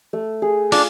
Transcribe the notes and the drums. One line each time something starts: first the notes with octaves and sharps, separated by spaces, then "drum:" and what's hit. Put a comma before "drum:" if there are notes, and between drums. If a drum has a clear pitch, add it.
A3
G#4
D4 F4, drum: open hi-hat